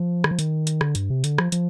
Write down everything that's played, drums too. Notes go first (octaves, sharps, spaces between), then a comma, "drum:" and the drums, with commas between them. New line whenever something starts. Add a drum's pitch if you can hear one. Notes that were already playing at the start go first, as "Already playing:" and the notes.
Already playing: F3
D#3, drum: rim click
F3
D#3, drum: hi-hat
drum: hi-hat
D3, drum: rim click
G2, drum: hi-hat
C3
D3, drum: hi-hat
F3, drum: rim click
F3, drum: hi-hat